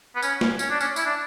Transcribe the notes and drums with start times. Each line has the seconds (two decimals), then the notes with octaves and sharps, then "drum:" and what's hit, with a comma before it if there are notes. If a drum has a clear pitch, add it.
0.16 B3
0.22 C#4, drum: tambourine
0.41 drum: snare
0.59 C#4, drum: tambourine
0.70 D4
0.81 C#4, drum: tambourine
0.96 E4, drum: tambourine
1.05 D4